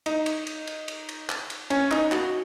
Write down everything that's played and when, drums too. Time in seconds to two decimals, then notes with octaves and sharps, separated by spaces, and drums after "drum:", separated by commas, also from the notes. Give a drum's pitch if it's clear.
0.06 D#4, drum: cymbal
0.26 drum: cymbal
0.47 drum: cymbal
0.67 drum: cymbal
0.88 drum: cymbal
1.09 drum: cymbal
1.29 drum: clap
1.50 drum: cymbal
1.70 C#4, drum: cymbal
1.91 D#4, drum: clap
2.12 F#4, drum: clap